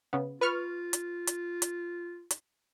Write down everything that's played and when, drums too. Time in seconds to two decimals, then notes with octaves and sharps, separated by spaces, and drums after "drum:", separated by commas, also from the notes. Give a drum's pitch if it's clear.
0.13 C#3 B3
0.41 F4 B4 C#6 F6
0.93 drum: hi-hat
1.27 drum: hi-hat
1.62 drum: hi-hat
2.31 drum: hi-hat